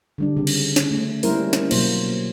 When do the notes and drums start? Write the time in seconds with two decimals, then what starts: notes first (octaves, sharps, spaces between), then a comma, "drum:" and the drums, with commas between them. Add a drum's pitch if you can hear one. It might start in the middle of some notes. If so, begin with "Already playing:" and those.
0.18 D3 G3 D4
0.37 C#3 C4
0.47 drum: cymbal
0.76 drum: snare
0.91 A3
1.23 G3 A#3 C#4 E4 A#4 C5, drum: open hi-hat
1.53 drum: snare
1.71 B2 F#3 A#3 C5, drum: cymbal